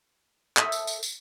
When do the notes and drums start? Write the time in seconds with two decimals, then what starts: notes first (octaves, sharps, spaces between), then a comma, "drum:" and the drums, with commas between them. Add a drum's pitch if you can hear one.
0.57 A4 D#5 E5, drum: clap
0.72 drum: tambourine
0.87 drum: tambourine
1.03 drum: tambourine